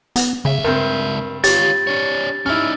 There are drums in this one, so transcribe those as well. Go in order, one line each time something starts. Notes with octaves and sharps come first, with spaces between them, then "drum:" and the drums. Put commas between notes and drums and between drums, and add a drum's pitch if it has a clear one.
B3, drum: hi-hat
C#2 C#3 E5
G2 C4 A#4
F4 G4 C#5 A6, drum: hi-hat
D4 C#5
C#4 D#4 E4 F6